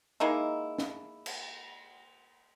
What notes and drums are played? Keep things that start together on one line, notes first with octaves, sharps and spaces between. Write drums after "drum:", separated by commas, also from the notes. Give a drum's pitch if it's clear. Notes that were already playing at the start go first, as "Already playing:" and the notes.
G#3 A#3 D#4 E4
drum: snare
drum: cymbal